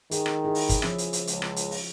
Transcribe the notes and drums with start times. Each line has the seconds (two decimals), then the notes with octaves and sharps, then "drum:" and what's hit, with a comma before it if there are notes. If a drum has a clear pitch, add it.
0.11 D#3 G#4, drum: hi-hat
0.26 drum: rim click
0.44 E4 G#4
0.55 drum: open hi-hat
0.69 drum: kick, hi-hat
0.82 F3 C#4 E5, drum: rim click
0.98 drum: hi-hat
1.13 drum: hi-hat
1.27 C#2, drum: hi-hat
1.42 drum: rim click
1.56 drum: hi-hat
1.71 drum: open hi-hat